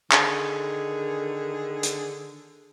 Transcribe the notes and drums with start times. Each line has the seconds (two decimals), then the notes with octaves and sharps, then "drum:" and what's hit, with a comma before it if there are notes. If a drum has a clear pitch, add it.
0.11 D3 D#3 G#4, drum: clap
1.83 drum: hi-hat